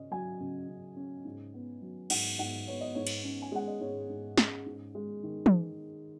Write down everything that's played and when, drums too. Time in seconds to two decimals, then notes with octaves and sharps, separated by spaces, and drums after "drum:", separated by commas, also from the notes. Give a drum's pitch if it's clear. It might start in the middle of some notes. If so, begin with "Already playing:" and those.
Already playing: C#3 C#4 D#5
0.11 F#3 G#5
0.40 C#3
0.69 C#3
0.96 C#4
1.25 G#2
1.54 B3
1.82 F#3
2.10 G#2 F#5, drum: cymbal
2.39 G#2 F#5
2.68 B3 C#5
2.81 D#5
2.95 G#2 C#5
3.07 drum: cymbal
3.24 C#4
3.42 G#5
3.52 G#3 F#5
3.67 D#5
3.80 G#2 C#5
4.10 G#2
4.38 C#4, drum: snare
4.66 G#2
4.95 G#3
5.23 D#3
5.46 drum: tom